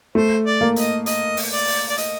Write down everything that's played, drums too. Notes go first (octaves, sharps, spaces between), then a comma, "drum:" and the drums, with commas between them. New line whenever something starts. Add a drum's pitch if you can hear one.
A3 C5
D5
A#3
D#5, drum: hi-hat
D#5, drum: hi-hat
drum: open hi-hat
D5
drum: open hi-hat
D5
D#5, drum: hi-hat